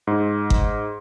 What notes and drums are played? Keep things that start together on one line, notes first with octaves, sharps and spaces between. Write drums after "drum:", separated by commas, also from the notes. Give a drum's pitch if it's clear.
G#2
drum: kick G1